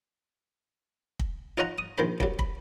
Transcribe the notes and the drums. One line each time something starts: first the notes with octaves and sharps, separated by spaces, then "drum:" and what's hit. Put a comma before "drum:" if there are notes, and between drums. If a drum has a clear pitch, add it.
drum: kick
D#4 F4 C#5 D#5 F#5 A#5
D#6
A#1 D#3 C5 B5
C2 F#3, drum: kick
B5, drum: kick